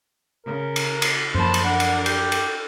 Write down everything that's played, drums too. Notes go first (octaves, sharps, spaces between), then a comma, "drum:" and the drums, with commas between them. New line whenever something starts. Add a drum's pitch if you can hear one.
C#3 A#4
drum: cymbal
drum: cymbal
F#2 F3 A#3 C5 A5 B5
drum: cymbal
D4 A#4 F#5
drum: cymbal
G4 G5, drum: cymbal
drum: cymbal